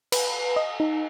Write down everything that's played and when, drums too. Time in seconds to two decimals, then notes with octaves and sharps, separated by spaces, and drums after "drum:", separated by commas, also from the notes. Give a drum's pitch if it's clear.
0.12 B4, drum: cymbal
0.56 D#5
0.80 D#4